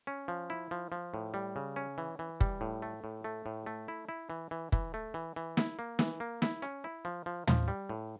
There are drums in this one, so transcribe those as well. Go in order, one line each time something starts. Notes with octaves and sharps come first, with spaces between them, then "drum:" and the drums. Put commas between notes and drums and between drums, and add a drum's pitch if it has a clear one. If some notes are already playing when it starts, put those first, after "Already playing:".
C#4
F3
E4
F3
F3
A2
G3
C#3
C#4
E3
E3
G3, drum: kick
A2
A3
A2
A3
A2
A3
E4
E4
E3
E3
E3, drum: kick
A3
E3
E3
E4, drum: snare
A#3
E3, drum: snare
A#3
E4, drum: snare
C#4, drum: hi-hat
E4
F3
F3
F3, drum: tom
G3
A2